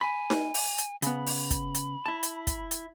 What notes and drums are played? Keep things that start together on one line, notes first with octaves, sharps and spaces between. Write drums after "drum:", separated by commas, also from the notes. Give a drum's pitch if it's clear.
G#5 B5
drum: snare D#4
drum: open hi-hat
drum: hi-hat
C#3 B3 B5, drum: hi-hat
drum: open hi-hat
drum: kick, hi-hat
drum: hi-hat
E4 A5
drum: hi-hat
drum: kick, hi-hat
drum: hi-hat